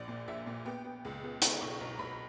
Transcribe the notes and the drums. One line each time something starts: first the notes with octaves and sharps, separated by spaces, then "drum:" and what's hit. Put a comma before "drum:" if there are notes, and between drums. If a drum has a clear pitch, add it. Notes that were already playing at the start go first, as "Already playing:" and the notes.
Already playing: A#1 D5
A#2
A#1 E5
A#2
B3 G5
B3
C#2
B3
B3 A#5, drum: hi-hat
B1 C#6
B1 A#5
B1 B5